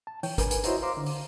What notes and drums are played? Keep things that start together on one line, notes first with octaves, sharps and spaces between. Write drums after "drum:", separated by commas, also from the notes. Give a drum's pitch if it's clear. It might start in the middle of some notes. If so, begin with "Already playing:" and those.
A5
E3 C#5 G5, drum: open hi-hat
A#4 B4 G#5, drum: kick, hi-hat
drum: hi-hat
E4 F#4 C5 C#5 D#5 A#5, drum: hi-hat
C5 F5 A#5 C6 D6
D3
drum: open hi-hat